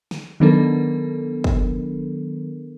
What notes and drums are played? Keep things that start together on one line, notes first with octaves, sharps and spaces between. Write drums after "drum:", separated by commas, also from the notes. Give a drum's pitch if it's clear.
drum: snare
D#3 F#3 B3 D4 A4 A#4
drum: kick